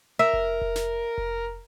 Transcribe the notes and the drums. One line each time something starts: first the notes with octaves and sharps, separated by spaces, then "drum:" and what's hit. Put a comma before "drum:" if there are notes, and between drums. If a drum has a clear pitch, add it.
A#4 E5
drum: kick F1
drum: kick F1
drum: snare
drum: kick F1